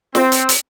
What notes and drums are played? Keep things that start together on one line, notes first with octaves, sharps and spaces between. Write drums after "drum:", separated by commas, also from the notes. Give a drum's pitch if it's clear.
C4, drum: snare
drum: hi-hat
drum: hi-hat